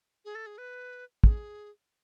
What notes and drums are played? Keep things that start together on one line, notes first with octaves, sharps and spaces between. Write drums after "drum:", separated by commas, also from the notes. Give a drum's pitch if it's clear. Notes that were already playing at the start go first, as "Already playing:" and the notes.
G#4
A4
G#4
B4
G#4, drum: kick